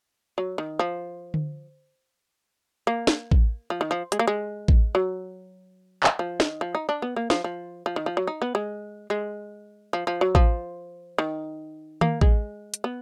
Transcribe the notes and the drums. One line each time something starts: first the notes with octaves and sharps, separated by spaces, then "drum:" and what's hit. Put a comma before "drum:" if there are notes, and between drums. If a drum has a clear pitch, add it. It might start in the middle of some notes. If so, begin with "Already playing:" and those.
F#3
D#3
F3
drum: tom D3
A#3
drum: snare
drum: kick A1
F3
D#3
F3
G#3, drum: hi-hat
A#3
G#3
drum: kick A1
F#3
drum: clap
F3
D#3, drum: snare
F3
D#4
D4
B3
A#3
F3, drum: snare
F3
F3
D#3
F3
F#3
D#4
B3
G#3
G#3
F3
F3
F#3
F3, drum: kick A1
D#3
A#3, drum: tom D#3
G#3, drum: kick A1
drum: hi-hat
B3